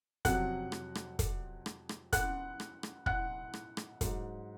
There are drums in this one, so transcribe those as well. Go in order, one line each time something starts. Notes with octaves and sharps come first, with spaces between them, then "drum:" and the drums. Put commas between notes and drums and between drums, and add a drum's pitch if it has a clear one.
F2 C3 F#3 F#5 F#6, drum: kick, hi-hat
drum: rim click
drum: rim click
drum: kick, hi-hat
drum: rim click
drum: rim click
F#5 F#6, drum: kick, hi-hat
drum: rim click
drum: rim click
F#5 F#6, drum: kick
drum: rim click
drum: rim click
G#2 F#3, drum: kick, hi-hat